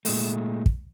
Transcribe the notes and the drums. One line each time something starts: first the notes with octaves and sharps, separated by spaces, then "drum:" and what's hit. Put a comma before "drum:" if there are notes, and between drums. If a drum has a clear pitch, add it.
A#2 G#3 A3, drum: open hi-hat
drum: kick